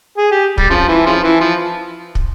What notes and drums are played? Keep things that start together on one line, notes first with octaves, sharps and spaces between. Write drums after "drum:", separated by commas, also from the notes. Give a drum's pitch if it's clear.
G#4
G4
G3, drum: kick
C#3 F3
E3
C#3 F3
E3
F3
drum: kick